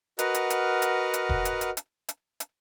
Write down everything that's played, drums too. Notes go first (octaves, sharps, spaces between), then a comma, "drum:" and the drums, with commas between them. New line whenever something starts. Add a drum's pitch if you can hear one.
F#4 A#4 B4 D#5 F#5 F6, drum: hi-hat
drum: hi-hat
drum: hi-hat
drum: hi-hat
drum: hi-hat
drum: kick E1
drum: hi-hat
drum: hi-hat
drum: hi-hat
drum: hi-hat
drum: hi-hat